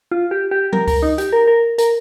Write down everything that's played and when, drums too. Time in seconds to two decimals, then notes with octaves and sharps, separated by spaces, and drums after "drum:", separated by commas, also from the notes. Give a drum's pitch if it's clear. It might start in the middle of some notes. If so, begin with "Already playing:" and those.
0.11 F4
0.31 G4
0.51 G4
0.73 A#4, drum: tom F3
0.87 A#4, drum: kick C#2, open hi-hat
1.02 D#4
1.18 G4, drum: hi-hat
1.33 A#4
1.47 A#4
1.78 A#4, drum: hi-hat